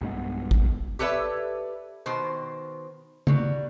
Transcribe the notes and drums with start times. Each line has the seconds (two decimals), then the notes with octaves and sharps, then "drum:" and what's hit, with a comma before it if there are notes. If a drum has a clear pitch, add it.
0.01 B1 G2 G#3 B3
0.51 drum: kick
0.99 G4 A4 B4 C#5 D5 E5
2.06 B2 D#3 C5
3.27 F#3 G3, drum: tom C#3